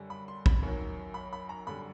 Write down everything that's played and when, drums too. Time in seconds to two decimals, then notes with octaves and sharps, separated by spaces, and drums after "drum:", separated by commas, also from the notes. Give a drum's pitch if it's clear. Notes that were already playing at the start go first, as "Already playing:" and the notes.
Already playing: F#2 D3 G3
0.10 B5
0.28 C6
0.46 B5, drum: kick
0.63 F#2 D#3 F#3
1.14 B5
1.33 B5
1.49 A#5
1.67 F#2 D3 G3 B5